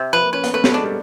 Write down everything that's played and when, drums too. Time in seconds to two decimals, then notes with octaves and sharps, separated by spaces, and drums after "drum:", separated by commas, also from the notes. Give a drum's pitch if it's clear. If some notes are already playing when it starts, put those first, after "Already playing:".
Already playing: C3
0.13 F3 B4
0.23 A#3
0.33 C#4 B4
0.44 B3, drum: hi-hat
0.54 A3 B4
0.64 A3, drum: snare B3
0.74 G#3 D4
0.84 G3